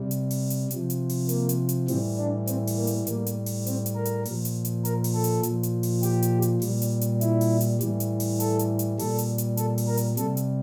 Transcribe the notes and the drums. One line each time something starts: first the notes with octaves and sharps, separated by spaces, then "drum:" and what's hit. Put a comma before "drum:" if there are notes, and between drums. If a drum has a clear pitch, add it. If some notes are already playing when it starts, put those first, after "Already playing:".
Already playing: C3 G3
drum: hi-hat
drum: open hi-hat
drum: hi-hat
C3 F3, drum: hi-hat
drum: hi-hat
drum: open hi-hat
A#3, drum: hi-hat
drum: hi-hat
drum: hi-hat
A2 E3 G3 C4, drum: open hi-hat
D4
C4, drum: hi-hat
drum: open hi-hat
A#3
drum: hi-hat
A2 G3 A#3, drum: hi-hat
drum: hi-hat
drum: open hi-hat
C4, drum: hi-hat
drum: hi-hat
A#4
drum: hi-hat
A#2 F3, drum: open hi-hat
drum: hi-hat
drum: hi-hat
A#4, drum: hi-hat
drum: open hi-hat
A4
drum: hi-hat
A#2 F3, drum: hi-hat
drum: hi-hat
drum: open hi-hat
G4, drum: hi-hat
drum: hi-hat
drum: hi-hat
A#2 G3, drum: open hi-hat
drum: hi-hat
drum: hi-hat
E4, drum: hi-hat
drum: open hi-hat
drum: hi-hat
A2 E3 G3, drum: hi-hat
drum: hi-hat
drum: open hi-hat
A4, drum: hi-hat
drum: hi-hat
drum: hi-hat
A#2 G3 A4, drum: open hi-hat
drum: hi-hat
drum: hi-hat
A4, drum: hi-hat
drum: open hi-hat
A#4
drum: hi-hat
C3 G3 A4, drum: hi-hat
drum: hi-hat